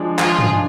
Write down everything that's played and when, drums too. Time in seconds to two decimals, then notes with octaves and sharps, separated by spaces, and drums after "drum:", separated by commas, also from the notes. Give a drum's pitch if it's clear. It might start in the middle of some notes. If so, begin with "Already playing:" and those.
Already playing: F3 G#3 D4
0.19 F3 F4 G#4, drum: clap
0.39 drum: tom G2
0.49 G#3 D4